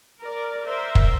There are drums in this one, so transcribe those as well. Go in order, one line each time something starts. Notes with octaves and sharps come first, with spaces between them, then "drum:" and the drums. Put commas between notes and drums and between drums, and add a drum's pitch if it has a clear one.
A#4 D5
A#4 C5 E5
drum: kick